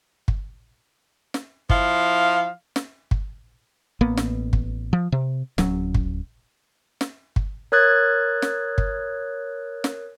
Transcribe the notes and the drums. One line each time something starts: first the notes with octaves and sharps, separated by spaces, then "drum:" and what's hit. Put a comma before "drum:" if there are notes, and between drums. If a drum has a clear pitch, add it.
drum: kick
drum: snare
F3 E4 F5, drum: kick
drum: snare
drum: kick
A1 A#3 B3
drum: snare
drum: kick
F3
C3
D1 F#3 C#4, drum: snare
drum: kick
drum: snare
drum: kick
A#4 C#5 D#6 F#6 G#6 A6
drum: snare
drum: kick
drum: snare